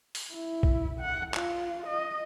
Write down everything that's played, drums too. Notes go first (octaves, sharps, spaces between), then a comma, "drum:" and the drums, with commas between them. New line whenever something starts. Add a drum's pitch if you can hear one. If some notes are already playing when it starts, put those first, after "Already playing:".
drum: open hi-hat
E4
drum: kick A#1
F#5
F4, drum: clap
D#5